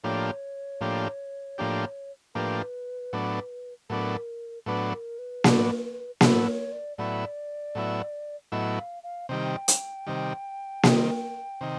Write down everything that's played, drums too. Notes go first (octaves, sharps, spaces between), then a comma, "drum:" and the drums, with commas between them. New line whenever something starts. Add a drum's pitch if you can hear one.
A2 F3 A#3 D4 G4 C#5
A2 F3 A#3 D4 G4
A2 F3 A#3 D4 G4
A2 F3 A#3 D4 G4 B4
A2 F#3 B3 D4
A2 F#3 B3 D4 A#4
A2 F#3 B3 D4 B4
A#4
B4
A2 F#3 B3 D4, drum: snare A#3
A2 F#3 B3 E4 C5, drum: snare A#3
C#5
D5
A2 F#3 B3 E4 D5
A2 F#3 B3 E4
A2 F#3 B3 E4 D#5
F5
F5
C3 D#3 G3 G5
drum: hi-hat
C3 D#3 G3
C3 D#3 G3, drum: snare A#3
C3 D#3